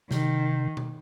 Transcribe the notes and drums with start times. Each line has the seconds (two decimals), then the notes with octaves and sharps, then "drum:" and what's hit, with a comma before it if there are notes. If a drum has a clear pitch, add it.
0.11 C3 D#3, drum: snare
0.77 drum: tom B2